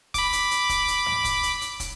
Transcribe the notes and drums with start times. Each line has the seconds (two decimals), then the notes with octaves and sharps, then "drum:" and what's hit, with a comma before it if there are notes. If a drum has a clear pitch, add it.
0.14 B5 D6, drum: kick, hi-hat
0.33 drum: hi-hat
0.51 drum: hi-hat
0.69 drum: kick, hi-hat
0.88 drum: hi-hat
1.06 drum: tom
1.25 drum: kick, hi-hat
1.43 drum: hi-hat
1.61 drum: hi-hat
1.80 drum: kick, hi-hat